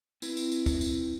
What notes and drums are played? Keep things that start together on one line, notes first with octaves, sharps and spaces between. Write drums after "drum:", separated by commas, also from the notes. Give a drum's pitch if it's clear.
C4 E4 B4, drum: tambourine
drum: tambourine
drum: tambourine
drum: kick, tambourine
drum: tambourine